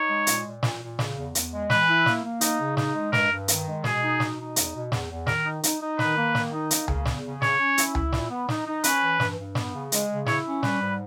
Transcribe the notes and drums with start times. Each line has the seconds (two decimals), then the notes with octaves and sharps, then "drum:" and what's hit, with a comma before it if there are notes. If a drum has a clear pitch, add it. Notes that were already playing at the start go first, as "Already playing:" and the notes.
Already playing: D#4 C#5
0.10 G#3
0.27 A#2, drum: hi-hat
0.45 A#2
0.63 A#2, drum: snare
0.81 A#2
0.99 C#3, drum: snare
1.17 E2
1.35 E2, drum: hi-hat
1.52 G#3
1.70 E3 B4, drum: snare
1.88 E4
2.06 A#3, drum: snare
2.23 A#3
2.41 D#4, drum: hi-hat
2.60 C#3
2.77 D#4, drum: snare
2.95 G#3
3.13 G2 A#4, drum: snare
3.30 G2
3.48 D#3, drum: hi-hat
3.67 G#3
3.84 B2 G#4, drum: snare
4.02 D#4
4.20 B2, drum: snare
4.38 D#4
4.56 E2, drum: hi-hat
4.73 B2
4.92 E2, drum: snare
5.10 E2
5.27 D#3 A#4, drum: snare
5.45 D#4
5.63 D#4, drum: hi-hat
5.80 D#4
5.99 D#3 B4, drum: snare
6.16 A#3
6.35 D#3, drum: snare
6.52 D#4
6.71 A#3, drum: hi-hat
6.88 C#3, drum: tom C#2
7.05 E2, drum: snare
7.24 C#3
7.42 C#4 C#5, drum: snare
7.59 C#4
7.78 E4, drum: hi-hat
7.95 E4, drum: tom C#2
8.12 A#2, drum: snare
8.30 B3
8.49 D#4, drum: snare
8.66 D#4
8.84 C#4 B4, drum: hi-hat
9.02 E3
9.20 G2, drum: snare
9.38 G2
9.55 B3, drum: snare
9.74 C#3
9.92 G#3, drum: hi-hat
10.10 C#3
10.26 E4 C#5, drum: snare
10.45 C#4
10.63 G3 B4, drum: snare
10.80 G#2